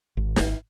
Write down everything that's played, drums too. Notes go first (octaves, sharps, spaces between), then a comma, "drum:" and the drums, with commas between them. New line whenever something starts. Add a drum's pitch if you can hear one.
G#1
drum: snare